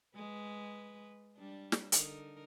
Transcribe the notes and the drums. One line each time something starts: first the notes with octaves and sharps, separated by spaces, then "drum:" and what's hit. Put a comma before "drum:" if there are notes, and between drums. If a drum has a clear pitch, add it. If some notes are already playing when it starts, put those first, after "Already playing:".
G#3 B4
G3 D4
drum: snare
D3 D#4 A#4, drum: hi-hat